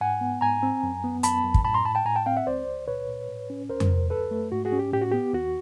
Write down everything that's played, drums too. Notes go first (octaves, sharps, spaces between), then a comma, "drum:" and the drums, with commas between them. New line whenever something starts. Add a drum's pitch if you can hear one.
G#2 F#5 G#5
B3
G#2 G#5 A#5
C4
F#2
B3
F#2 A5 B5, drum: hi-hat
F#2
drum: kick
A2 A5 B5
A#5 C6
A2 A5 B5
G5 A5
A2 G#5 A#5
G5 A5
C4 F5 G5
E5 F#5
C#2 C5 D5
C#2
A#2 B4 C#5
A#2
A2
C#4
D2 A#4 C5
drum: tom F2
D2
F#2 A4 B4
A3
G#2 F#4
F#4 G#4
C#4
G4
A2 G4
F#4
B3 G4
D#2 F#4